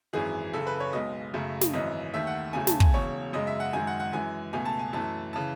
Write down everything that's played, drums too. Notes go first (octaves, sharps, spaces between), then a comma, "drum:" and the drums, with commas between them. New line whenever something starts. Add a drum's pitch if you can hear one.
G#1 F#2 E3 G#4
F#1 F#2 C#3 A4
B4
C#5
B1 B2 G#3 D#5
F#2 C#3 F#3 A3
drum: snare
G#1 F#2 E3 D#5
D#2 D#3 A3 E5
F#5
E2 C#3 F#3 A3 G#5
A5, drum: snare
G#5, drum: kick
E1 E2 C#3 C#5
F#2 C#3 G#3 D#5
E5
F#5
F#2 D#3 G#3 G#5
F#5
F#5
F#2 E3 G#3 G#5
C#2 B2 A3 G#5
A5
G#5
F#2 E3 A3 A5
C#3 E3 A5